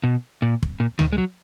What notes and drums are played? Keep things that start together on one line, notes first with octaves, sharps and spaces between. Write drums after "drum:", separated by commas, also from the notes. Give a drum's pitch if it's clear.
B2
A#2
drum: kick
A#2
D#3, drum: tom C#2
G#3
F#3